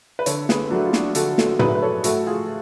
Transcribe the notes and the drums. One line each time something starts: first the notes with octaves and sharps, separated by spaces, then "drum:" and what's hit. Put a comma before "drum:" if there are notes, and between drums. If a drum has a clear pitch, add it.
B4
D3 A4 C#5, drum: hi-hat
G#4 B4, drum: snare
F#3 A3 D4 F#4
F4
D4 F#4, drum: snare
D3 F#4 A4, drum: hi-hat
F#4 A4, drum: snare
F#3 A3 G#4 B4, drum: tom
B4
A4 C#5
A2 F#4 A4, drum: hi-hat
F4 G#4